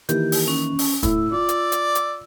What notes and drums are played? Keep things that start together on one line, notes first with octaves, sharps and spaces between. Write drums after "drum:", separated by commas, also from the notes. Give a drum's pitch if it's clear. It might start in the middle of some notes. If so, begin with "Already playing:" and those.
D#3 E3 A#3 G4, drum: hi-hat
drum: open hi-hat
C#4
drum: open hi-hat
A2 E6, drum: kick, hi-hat
F4 D5
drum: hi-hat
drum: hi-hat
drum: hi-hat